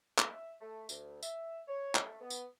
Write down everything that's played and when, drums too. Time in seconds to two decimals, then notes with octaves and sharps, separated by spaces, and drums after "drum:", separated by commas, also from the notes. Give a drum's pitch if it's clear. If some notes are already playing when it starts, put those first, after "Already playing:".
0.18 drum: clap
0.29 E5
0.60 A3
0.89 D2, drum: tambourine
1.23 E5, drum: tambourine
1.68 C#5
1.95 drum: clap
2.05 A3
2.21 B3
2.30 drum: tambourine